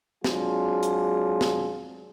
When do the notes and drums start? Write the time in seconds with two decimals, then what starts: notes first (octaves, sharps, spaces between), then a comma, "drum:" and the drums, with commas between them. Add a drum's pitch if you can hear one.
0.24 F#3 G#3 C4 D4 F4 G#4, drum: snare
0.83 drum: hi-hat
1.41 drum: snare